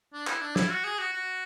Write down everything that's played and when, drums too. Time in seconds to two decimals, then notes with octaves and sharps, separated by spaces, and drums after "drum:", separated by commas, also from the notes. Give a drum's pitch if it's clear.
0.13 D4
0.27 E4, drum: clap
0.42 D4
0.56 E4, drum: snare
0.70 F#4
0.84 G#4
0.99 F#4
1.13 F#4